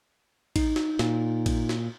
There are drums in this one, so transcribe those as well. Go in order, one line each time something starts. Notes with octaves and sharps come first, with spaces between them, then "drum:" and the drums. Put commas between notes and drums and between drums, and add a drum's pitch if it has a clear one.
D#4, drum: kick, cymbal
drum: snare
A#2, drum: snare
drum: kick, cymbal
drum: snare